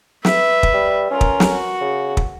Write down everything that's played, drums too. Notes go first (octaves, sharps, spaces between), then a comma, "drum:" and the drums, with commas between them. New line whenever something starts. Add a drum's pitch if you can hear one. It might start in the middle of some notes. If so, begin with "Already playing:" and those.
B4 E5, drum: snare
drum: kick
G3
C#4 F4 A#4
drum: kick
drum: snare
F#4
C#3
drum: kick